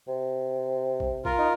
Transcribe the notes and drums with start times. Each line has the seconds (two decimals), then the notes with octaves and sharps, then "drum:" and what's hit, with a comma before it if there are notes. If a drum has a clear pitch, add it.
0.08 C3
1.00 drum: kick
1.25 F4 A#4, drum: kick
1.39 D#4